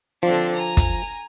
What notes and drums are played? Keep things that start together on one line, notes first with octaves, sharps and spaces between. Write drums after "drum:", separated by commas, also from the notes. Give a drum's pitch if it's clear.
D3 F3 C4 D4
G#5 A#5
drum: kick, hi-hat